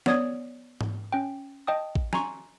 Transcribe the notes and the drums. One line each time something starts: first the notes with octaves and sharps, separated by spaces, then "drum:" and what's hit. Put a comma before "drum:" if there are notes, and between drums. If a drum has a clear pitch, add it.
B3 C#5 D5 D#6 G#6, drum: snare
drum: tom G#2
C#4 G5
D#5 G5 A5 D#6
drum: kick A1
G#5 A#5 C6 C#6, drum: snare